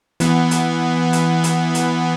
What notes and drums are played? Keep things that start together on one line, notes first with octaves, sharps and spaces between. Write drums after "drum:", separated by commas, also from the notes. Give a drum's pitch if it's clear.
E3 B3, drum: hi-hat
drum: hi-hat
drum: hi-hat
drum: hi-hat
drum: hi-hat